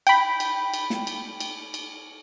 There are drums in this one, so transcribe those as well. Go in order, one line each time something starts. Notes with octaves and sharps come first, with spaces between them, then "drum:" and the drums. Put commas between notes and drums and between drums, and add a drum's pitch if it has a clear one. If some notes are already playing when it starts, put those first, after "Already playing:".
G5 B5, drum: cymbal
drum: cymbal
drum: cymbal
drum: snare
drum: cymbal
drum: cymbal
drum: cymbal